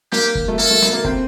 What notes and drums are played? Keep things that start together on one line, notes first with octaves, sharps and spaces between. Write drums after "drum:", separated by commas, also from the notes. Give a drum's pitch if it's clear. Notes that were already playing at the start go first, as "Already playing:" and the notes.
A#3 G4, drum: snare
drum: kick
A3
A#3 A4
A3
A#3, drum: snare
A#3
C4, drum: kick